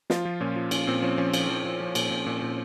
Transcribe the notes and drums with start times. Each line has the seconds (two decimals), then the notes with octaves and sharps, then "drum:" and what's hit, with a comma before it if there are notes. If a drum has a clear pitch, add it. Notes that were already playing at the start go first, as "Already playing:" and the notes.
0.10 F3 F4, drum: snare
0.25 F3
0.41 A#2 C#4
0.56 F3
0.71 A#2 C#4, drum: cymbal
0.87 A#2 C4
1.03 F3 C#4
1.18 F3 C#4
1.34 F3, drum: cymbal
1.49 F3
1.65 F3
1.80 F3
1.95 A#2, drum: cymbal
2.10 A#2
2.26 A#2
2.42 A#2